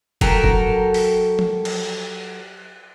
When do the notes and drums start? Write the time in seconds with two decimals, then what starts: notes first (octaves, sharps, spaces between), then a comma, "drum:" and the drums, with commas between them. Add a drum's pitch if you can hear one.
0.21 F#3 G4 A4 A#4, drum: kick
0.44 drum: kick
0.94 drum: open hi-hat
1.39 drum: tom F3
1.65 drum: cymbal